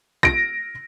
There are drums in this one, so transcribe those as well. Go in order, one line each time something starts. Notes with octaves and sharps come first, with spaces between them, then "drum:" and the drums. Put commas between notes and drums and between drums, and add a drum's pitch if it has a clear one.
A#6 D7, drum: kick B1